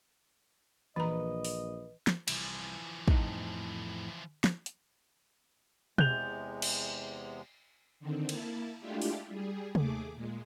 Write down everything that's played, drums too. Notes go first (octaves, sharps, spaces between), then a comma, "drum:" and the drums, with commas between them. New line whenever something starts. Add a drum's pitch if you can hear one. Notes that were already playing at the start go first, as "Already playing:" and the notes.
A#1 E3 B4 D#5 A#5
drum: open hi-hat
drum: snare
C2 E3 F3, drum: cymbal
F2 A2 D#4, drum: kick
drum: snare
drum: hi-hat
E2 C3 G#3 G6 F7, drum: tom B2
drum: cymbal
D3 D#3 C4
A#3 E4 A5, drum: cymbal
G#3 A3 D4 E4 F4 G4
drum: open hi-hat
G3 G#4
D#2 A3 G#4 D6, drum: tom C3
A#2 G#3